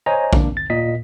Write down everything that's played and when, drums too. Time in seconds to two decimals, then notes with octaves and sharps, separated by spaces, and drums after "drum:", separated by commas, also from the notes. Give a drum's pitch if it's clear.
0.06 C5 C#5 D#5 G#5 A#5
0.33 A#3 D4, drum: kick A#1
0.57 A6
0.70 A#2 D#5 B6